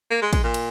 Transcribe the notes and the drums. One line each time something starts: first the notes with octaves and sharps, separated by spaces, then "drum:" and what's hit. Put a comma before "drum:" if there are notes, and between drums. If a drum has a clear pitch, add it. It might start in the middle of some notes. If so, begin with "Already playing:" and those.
A#3
G#3
G#3, drum: kick, cymbal
A#2
drum: cymbal